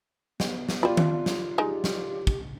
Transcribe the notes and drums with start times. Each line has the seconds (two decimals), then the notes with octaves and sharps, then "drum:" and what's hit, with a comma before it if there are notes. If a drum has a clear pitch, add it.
0.40 B3, drum: snare
0.69 drum: snare
0.83 G3 F4 D5 B5
0.97 drum: tom D#3
1.26 drum: snare
1.58 G#3 D#4 G4
1.84 drum: snare
2.27 drum: kick